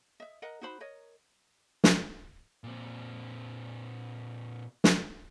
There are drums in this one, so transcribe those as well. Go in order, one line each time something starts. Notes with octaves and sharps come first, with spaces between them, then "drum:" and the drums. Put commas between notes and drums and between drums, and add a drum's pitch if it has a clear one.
D#5 E5
A#4 D#5 F#5 A#5
D#4 F#4 C5 B5
A#4 C#5 D#5
drum: snare
A#2 C4
drum: snare